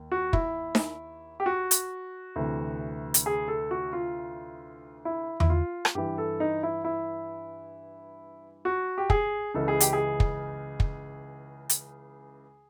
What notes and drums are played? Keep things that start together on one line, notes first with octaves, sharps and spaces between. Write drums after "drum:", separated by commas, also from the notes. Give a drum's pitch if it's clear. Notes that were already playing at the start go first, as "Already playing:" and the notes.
Already playing: D#2
F#4
E4, drum: kick
drum: snare D#4
G4
F#4
drum: hi-hat
D2 C3 E3
drum: hi-hat
G#4
A4
F#4
F4
E4
E4, drum: tom E2
F4
drum: rim click
G2 E3 G4
A4
D#4
E4
E4
F#4
G4
G#4, drum: kick
C#2 C#3 E3 A4
G#4
G4, drum: hi-hat
G#4
drum: kick
drum: kick
drum: hi-hat